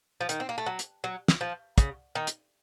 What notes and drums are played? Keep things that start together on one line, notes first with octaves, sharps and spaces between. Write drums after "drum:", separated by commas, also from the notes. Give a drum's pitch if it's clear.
F3
D#3, drum: hi-hat
C4
A#3
A3
F#3
drum: hi-hat
F#3
drum: snare
F3
C#3, drum: kick, hi-hat
D#3
drum: hi-hat